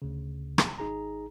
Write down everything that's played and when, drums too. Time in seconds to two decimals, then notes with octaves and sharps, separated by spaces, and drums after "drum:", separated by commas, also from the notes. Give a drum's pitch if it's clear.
0.02 D2 C#3
0.58 drum: rim click
0.78 G#1 D#4 G#4 A#5